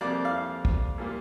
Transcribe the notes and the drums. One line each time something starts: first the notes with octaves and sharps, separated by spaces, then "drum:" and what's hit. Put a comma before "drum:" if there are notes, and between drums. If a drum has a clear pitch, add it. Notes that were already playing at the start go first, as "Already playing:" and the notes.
F2 C3 G3 A#3 D5
F5
drum: kick
A#2 G3 A#3